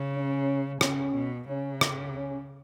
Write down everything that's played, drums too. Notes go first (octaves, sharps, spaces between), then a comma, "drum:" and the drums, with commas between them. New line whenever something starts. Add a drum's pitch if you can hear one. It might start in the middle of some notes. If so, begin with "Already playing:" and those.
Already playing: C#3
C#4
C#3 C#4, drum: rim click
B2
C#3 C#4
drum: rim click
C#4